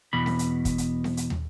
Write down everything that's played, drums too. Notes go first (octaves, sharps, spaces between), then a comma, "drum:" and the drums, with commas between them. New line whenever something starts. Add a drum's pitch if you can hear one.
E2 B2 B5
drum: snare C4
drum: hi-hat
drum: kick, hi-hat
drum: hi-hat
drum: snare C4
drum: hi-hat
drum: tom